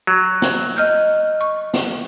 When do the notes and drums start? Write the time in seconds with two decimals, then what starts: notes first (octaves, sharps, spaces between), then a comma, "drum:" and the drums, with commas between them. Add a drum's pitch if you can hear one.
0.07 F#3
0.42 drum: snare
0.77 D#5 F6 G6
1.41 C#6
1.74 drum: snare